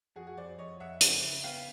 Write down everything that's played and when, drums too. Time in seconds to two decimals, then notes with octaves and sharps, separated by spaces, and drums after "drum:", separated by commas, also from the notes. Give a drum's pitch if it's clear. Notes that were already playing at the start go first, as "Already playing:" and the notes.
0.16 F2 F#4 G#4
0.26 F#4 G#4
0.37 F2 C5 D5
0.58 F2 C#5 D#5
0.80 F2 E5 F#5
1.01 C#3, drum: hi-hat
1.22 C#3
1.44 B3 F5 G5